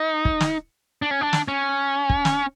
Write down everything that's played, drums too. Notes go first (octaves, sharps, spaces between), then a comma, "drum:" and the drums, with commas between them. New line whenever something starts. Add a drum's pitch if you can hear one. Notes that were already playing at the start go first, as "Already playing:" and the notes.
Already playing: D#4
drum: kick
drum: snare
D4
C#4
D4
drum: snare
C#4
drum: kick
drum: snare